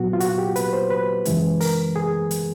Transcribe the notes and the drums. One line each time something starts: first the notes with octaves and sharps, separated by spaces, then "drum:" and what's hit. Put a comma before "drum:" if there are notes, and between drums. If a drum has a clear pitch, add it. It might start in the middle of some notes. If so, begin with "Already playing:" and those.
Already playing: A#2 F#3 B3 F#4
F4
F#4, drum: hi-hat
G4
B4, drum: hi-hat
C5
B4
F#2 C#3 E3 G#3, drum: hi-hat
A#4, drum: open hi-hat
G#4
drum: hi-hat